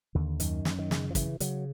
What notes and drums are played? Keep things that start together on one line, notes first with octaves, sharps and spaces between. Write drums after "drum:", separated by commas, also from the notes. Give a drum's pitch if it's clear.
D#2 D3
F#2 D#3, drum: hi-hat
F#2, drum: snare
D#3
C#3, drum: snare
F3
C#3 E3, drum: kick, hi-hat
C#3 F#3, drum: hi-hat